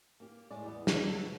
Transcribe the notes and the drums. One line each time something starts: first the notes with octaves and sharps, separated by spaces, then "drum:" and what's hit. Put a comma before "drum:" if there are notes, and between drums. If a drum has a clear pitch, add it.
A#3 G4
A2 G#3 G#4 D5
E2 G3 B3
E4 C#5, drum: snare
F2 D3 A4
B2